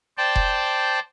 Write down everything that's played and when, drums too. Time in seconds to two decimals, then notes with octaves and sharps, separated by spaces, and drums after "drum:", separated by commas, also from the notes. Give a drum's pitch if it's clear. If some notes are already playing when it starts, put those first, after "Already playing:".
0.18 C5 D5 G5 A5
0.36 drum: kick F1